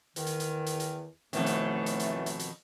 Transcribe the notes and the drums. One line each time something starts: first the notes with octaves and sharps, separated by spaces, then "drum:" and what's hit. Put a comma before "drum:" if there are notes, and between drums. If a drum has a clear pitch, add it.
E2 D#3, drum: hi-hat
drum: hi-hat
drum: hi-hat
drum: hi-hat
drum: hi-hat
F2 B2 D#3 E3 F#3 A3, drum: hi-hat
drum: hi-hat
drum: hi-hat
drum: hi-hat
drum: hi-hat
drum: hi-hat